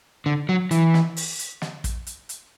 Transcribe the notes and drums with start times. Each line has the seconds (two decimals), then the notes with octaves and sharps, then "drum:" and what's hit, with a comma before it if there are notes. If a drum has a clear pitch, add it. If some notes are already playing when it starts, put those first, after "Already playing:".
0.26 D3
0.49 F#3
0.71 E3, drum: hi-hat
0.94 drum: snare
1.17 drum: open hi-hat
1.39 drum: hi-hat
1.62 drum: snare
1.84 drum: kick, hi-hat
2.07 drum: hi-hat
2.29 drum: hi-hat